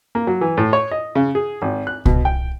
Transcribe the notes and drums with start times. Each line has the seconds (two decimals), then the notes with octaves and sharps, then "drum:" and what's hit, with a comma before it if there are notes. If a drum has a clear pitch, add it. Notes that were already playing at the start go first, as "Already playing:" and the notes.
0.15 A#3
0.27 F#3
0.41 E3
0.57 A2
0.73 C#5
0.91 D#5
1.15 C#3
1.35 G#4
1.62 G#1
1.87 F#6
2.05 B2, drum: kick C2
2.25 G5